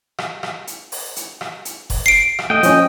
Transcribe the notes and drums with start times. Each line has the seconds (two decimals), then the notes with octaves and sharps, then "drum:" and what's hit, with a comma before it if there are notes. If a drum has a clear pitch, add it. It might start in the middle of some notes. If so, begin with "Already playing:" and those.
0.18 drum: rim click
0.43 drum: rim click
0.67 drum: hi-hat
0.92 drum: open hi-hat
1.16 drum: hi-hat
1.41 drum: rim click
1.65 drum: hi-hat
1.90 drum: kick F1, open hi-hat
2.06 C7 D7
2.39 drum: rim click
2.50 A3 D#5 G5
2.63 F3 C#4, drum: hi-hat